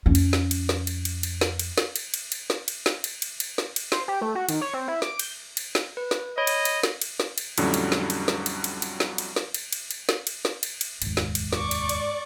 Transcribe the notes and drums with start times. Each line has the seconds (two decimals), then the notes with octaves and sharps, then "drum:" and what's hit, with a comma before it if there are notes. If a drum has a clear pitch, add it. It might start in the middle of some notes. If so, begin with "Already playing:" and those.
0.06 F2 C#4
0.15 drum: cymbal
0.33 drum: snare
0.51 drum: cymbal
0.69 drum: snare
0.87 drum: cymbal
1.05 drum: cymbal
1.23 drum: cymbal
1.41 drum: snare
1.59 drum: cymbal
1.78 drum: snare
1.96 drum: cymbal
2.14 drum: cymbal
2.32 drum: cymbal
2.50 drum: snare
2.68 drum: cymbal
2.86 drum: snare
3.04 drum: cymbal
3.22 drum: cymbal
3.40 drum: cymbal
3.58 drum: snare
3.76 drum: cymbal
3.92 C5, drum: snare
4.08 G4
4.21 A3
4.35 F#4
4.49 D#3, drum: cymbal
4.61 C#5
4.74 C4
4.88 E4
5.02 D6, drum: snare
5.19 G6, drum: cymbal
5.57 drum: cymbal
5.75 drum: snare
5.97 B4
6.11 drum: snare
6.38 C#5 D#5 B5
6.47 drum: cymbal
6.65 drum: cymbal
6.83 drum: snare
7.02 drum: cymbal
7.20 drum: snare
7.38 drum: cymbal
7.58 F2 A2 D3 F#3 G3 C#4, drum: cymbal
7.74 drum: cymbal
7.92 drum: snare
8.10 drum: cymbal
8.28 drum: snare
8.46 drum: cymbal
8.64 drum: cymbal
8.82 drum: cymbal
9.00 drum: snare
9.18 drum: cymbal
9.36 drum: snare
9.54 drum: cymbal
9.73 drum: cymbal
9.91 drum: cymbal
10.09 drum: snare
10.27 drum: cymbal
10.45 drum: snare
10.63 drum: cymbal
10.81 drum: cymbal
11.02 F1 D#2 G#2, drum: cymbal
11.17 drum: snare
11.35 drum: cymbal
11.53 D5 C#6 D6, drum: snare
11.71 drum: cymbal
11.89 drum: cymbal